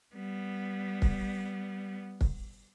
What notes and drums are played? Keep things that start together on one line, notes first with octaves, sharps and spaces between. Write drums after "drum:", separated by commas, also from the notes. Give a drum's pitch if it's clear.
G3 B3
drum: kick
drum: kick